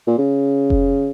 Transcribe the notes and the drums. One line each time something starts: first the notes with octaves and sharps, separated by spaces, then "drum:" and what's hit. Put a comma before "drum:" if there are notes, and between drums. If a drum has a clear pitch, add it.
A#2
C#3
drum: kick F1